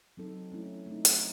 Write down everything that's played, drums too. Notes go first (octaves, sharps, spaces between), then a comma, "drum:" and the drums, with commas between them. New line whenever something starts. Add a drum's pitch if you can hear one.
F#3 C4 D#4 A4
A3 C#4 E4
A3 C4 D#4
drum: hi-hat